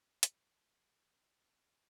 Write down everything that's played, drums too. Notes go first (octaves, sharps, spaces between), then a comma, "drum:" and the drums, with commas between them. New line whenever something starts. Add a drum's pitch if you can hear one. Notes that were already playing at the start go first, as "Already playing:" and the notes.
F5, drum: hi-hat
E5